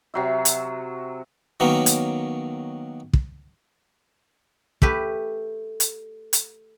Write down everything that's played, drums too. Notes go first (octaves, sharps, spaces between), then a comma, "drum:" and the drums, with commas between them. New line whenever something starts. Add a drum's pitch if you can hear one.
C3 F#3 E5
drum: hi-hat
D#3 F#3 A#3 B3 C#4
drum: hi-hat
drum: kick
A3 G4 B4, drum: kick
drum: hi-hat
drum: hi-hat